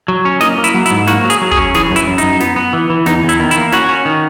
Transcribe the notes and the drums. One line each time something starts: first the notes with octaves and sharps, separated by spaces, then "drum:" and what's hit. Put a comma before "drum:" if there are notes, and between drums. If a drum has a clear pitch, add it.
F#3
C#4
A#3 D#5, drum: snare
A#3
E4, drum: hi-hat
F#3
E4, drum: hi-hat
G#2
A#3 F#4, drum: snare
F#3
G#4, drum: hi-hat
F#3
G#4, drum: kick
C#4
E3 G#4, drum: snare
F#2
E4, drum: hi-hat
F#2
F#2 D#4, drum: hi-hat
B3, drum: snare
B3
E3
E3
E2 D#4, drum: snare
E2
E4, drum: hi-hat
D#3
E4, drum: hi-hat
A#3
C#4 F#4, drum: snare
C#4
D#3